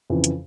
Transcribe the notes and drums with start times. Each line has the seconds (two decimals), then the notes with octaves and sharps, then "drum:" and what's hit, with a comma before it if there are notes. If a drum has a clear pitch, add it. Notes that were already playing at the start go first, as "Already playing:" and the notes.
0.10 F2 C#3 E3
0.24 drum: hi-hat